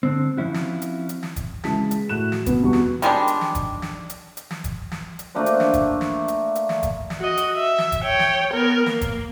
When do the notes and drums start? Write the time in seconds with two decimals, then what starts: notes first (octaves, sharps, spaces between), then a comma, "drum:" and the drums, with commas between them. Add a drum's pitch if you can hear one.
0.03 D3 C4
0.37 F3 C4 C#4 E4 F#4
0.54 drum: snare
0.82 drum: hi-hat
1.09 drum: hi-hat
1.23 drum: snare
1.36 drum: kick F#1, hi-hat
1.64 C#3 E3 G#3 A5 B6, drum: snare
1.91 drum: hi-hat
2.09 A2 F#4 F#6 E7
2.32 drum: snare
2.46 B2 B3, drum: kick F#1, hi-hat
2.63 E2 B2 G3 F#4 C#6
2.73 drum: snare
3.02 D#3 G3 G#3 D4, drum: hi-hat
3.28 drum: hi-hat
3.41 drum: snare
3.55 drum: kick F#1, hi-hat
3.82 drum: snare
4.10 drum: hi-hat
4.37 drum: hi-hat
4.51 drum: snare
4.64 drum: kick F#1, hi-hat
4.92 drum: snare
5.19 drum: hi-hat
5.35 A3 A#3 D4 C5
5.46 drum: hi-hat
5.60 drum: snare
5.73 drum: kick F#1, hi-hat
6.01 drum: snare
6.28 drum: hi-hat
6.55 drum: hi-hat
6.69 drum: snare
6.83 drum: kick F#1, hi-hat
7.10 drum: snare
7.20 F#4 D#5
7.37 drum: hi-hat
7.56 E5
7.78 drum: snare
7.92 drum: kick F#1, hi-hat
8.04 C#5 G5
8.19 drum: snare
8.54 B3 A#4
8.86 A#3, drum: snare
9.01 drum: kick F#1, hi-hat